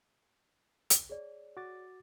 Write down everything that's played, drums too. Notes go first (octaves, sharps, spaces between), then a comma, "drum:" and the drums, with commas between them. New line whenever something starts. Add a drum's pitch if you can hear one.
drum: hi-hat
G#4 C#5 D5
F#4 D6 A6